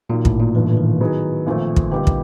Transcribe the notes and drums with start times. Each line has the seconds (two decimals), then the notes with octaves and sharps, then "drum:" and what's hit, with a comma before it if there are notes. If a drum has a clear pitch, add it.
0.09 A#2 D#3 F#3 A#3 D#4
0.25 A2, drum: kick
0.40 A#2
0.55 G1 G2 D#3 E3
0.77 D#3
1.00 A2 F#3 B3 D#4 G#4
1.46 A#1 A#2 F3 A3 C4
1.76 drum: kick
1.91 A#2 D3 G3 B3 D#4 G4
2.07 drum: kick